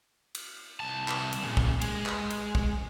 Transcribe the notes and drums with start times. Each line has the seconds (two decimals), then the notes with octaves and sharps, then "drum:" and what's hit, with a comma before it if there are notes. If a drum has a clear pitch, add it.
0.35 drum: cymbal
0.80 C2 A5
1.08 drum: clap
1.33 drum: cymbal
1.44 A#2 C#3
1.57 drum: kick
1.81 G#3, drum: cymbal
2.06 drum: clap
2.30 drum: cymbal
2.55 drum: kick